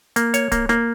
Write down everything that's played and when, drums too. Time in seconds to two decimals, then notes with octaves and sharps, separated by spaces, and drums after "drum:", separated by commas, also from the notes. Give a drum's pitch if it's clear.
0.16 A#3, drum: hi-hat
0.34 C#5, drum: hi-hat
0.52 A#3, drum: kick D1, hi-hat
0.69 A#3, drum: snare